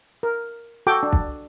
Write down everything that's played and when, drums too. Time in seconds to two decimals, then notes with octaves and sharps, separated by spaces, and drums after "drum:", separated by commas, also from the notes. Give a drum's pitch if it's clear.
0.23 A#4
0.87 F#4 A4 G5 D6
1.03 D4
1.12 drum: kick